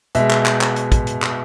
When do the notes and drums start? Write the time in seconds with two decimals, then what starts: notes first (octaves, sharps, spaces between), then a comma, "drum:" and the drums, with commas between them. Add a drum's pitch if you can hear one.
0.15 B2 G#3 E5, drum: hi-hat
0.30 drum: clap
0.46 drum: clap
0.61 drum: clap
0.76 drum: hi-hat
0.92 drum: kick, hi-hat
1.07 drum: hi-hat
1.22 drum: clap